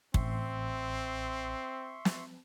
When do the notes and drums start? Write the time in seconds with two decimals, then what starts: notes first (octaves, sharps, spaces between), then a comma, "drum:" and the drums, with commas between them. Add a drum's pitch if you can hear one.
0.14 A1 C4 E5 C6 C#6, drum: kick
2.05 drum: snare